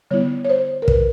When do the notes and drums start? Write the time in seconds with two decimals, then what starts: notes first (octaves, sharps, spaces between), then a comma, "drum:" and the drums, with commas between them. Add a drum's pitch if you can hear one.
0.11 D3 G3 B3 E4 C#5
0.45 C#5
0.49 C5
0.82 A#4
0.88 B4, drum: kick